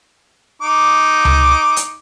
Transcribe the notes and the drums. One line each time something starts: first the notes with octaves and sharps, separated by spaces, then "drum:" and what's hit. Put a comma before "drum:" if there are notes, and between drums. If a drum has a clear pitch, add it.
D#4 D6
drum: tom C#2
drum: hi-hat